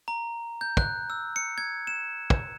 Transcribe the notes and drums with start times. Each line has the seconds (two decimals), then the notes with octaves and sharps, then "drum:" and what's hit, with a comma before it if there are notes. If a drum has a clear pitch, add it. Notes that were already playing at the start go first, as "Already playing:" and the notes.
0.08 A#5
0.61 G6
0.77 F#6, drum: kick
1.10 E6
1.36 C#7
1.58 G#6
1.87 E7
2.30 drum: kick